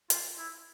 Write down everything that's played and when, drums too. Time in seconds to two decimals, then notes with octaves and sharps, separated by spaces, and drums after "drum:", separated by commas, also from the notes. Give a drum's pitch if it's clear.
0.10 F4, drum: hi-hat
0.38 E4